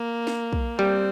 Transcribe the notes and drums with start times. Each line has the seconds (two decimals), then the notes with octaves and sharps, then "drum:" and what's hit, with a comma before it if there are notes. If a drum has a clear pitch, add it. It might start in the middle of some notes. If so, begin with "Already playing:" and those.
Already playing: A#3
0.27 drum: snare
0.53 drum: kick
0.78 G3 C4